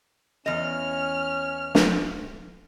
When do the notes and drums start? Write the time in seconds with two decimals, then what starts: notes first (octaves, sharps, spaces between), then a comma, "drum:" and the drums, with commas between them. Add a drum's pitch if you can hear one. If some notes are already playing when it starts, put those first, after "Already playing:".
0.46 E2 C#4 D#5 F6
1.75 drum: snare